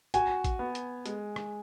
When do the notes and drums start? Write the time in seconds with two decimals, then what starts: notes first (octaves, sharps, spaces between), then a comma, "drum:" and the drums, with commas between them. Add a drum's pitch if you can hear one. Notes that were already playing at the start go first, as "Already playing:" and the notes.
0.14 F#4 G#5, drum: hi-hat
0.44 drum: kick A1, hi-hat
0.59 B3
0.75 drum: hi-hat
1.06 G#3, drum: hi-hat
1.36 drum: rim click